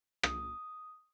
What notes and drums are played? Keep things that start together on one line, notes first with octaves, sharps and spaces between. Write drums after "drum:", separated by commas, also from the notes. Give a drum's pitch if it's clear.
D#6, drum: rim click